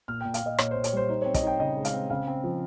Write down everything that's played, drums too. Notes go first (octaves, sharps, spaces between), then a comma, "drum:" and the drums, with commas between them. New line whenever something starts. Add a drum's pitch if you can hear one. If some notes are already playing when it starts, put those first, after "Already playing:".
A#2 F6
A#2 G5
F5, drum: hi-hat
A#2 D#5
A#2 C#5, drum: rim click
A#2 C5
C#5, drum: hi-hat
G3 C5
D#4 C5
C4 C#5
D#5, drum: kick, hi-hat
D#4 G5
C#3 D#5
G#3
F5, drum: hi-hat
C4
C#3 F5
C4
F3